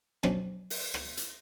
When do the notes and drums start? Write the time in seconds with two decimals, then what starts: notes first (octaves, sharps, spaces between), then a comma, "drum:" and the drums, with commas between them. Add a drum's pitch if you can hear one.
0.23 B2 F3 F#3 C#4 D4, drum: rim click
0.70 drum: open hi-hat
0.94 drum: rim click
1.17 drum: hi-hat